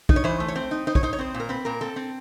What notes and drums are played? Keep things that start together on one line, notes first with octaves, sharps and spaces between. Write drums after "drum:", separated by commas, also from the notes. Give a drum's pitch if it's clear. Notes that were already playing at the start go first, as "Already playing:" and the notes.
D#4, drum: kick
C#5
E3 C5
A3
C#5
C4 C5
D#4
D#4 C5
C#5, drum: kick
D#4 C5
C#5
C4 C5
A#2
A#4
C4 B4
A#2 A#4
C4 A4
C4